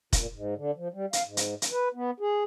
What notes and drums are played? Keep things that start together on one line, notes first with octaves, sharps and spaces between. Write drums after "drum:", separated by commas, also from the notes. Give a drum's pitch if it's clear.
A#2, drum: kick, hi-hat
G#2
D3
F3
G3
F5, drum: hi-hat
G#2
drum: hi-hat
drum: hi-hat
B4
B3
G#4